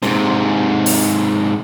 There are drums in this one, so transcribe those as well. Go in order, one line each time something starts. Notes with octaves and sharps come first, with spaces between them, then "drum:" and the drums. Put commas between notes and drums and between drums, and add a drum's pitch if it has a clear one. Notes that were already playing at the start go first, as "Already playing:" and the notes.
G#2 C3, drum: snare
drum: open hi-hat